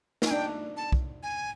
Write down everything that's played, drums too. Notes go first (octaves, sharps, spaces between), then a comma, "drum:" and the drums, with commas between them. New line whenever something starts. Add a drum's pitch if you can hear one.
D#4 G#5, drum: snare
D4 G5
A5
drum: kick
G#5